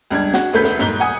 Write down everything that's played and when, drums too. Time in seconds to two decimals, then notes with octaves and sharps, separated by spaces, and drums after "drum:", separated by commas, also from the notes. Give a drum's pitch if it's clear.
0.10 C#2 G3 D4 G#6
0.34 F#4, drum: snare
0.53 E1 D2 A3 B4 G6 B6
0.64 drum: snare
0.79 D#1 G#2 G7, drum: snare
1.00 F#5 G#5 D#6